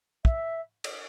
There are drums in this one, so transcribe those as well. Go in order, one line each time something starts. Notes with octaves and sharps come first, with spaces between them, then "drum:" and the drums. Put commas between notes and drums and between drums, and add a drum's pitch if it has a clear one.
E5, drum: kick
drum: cymbal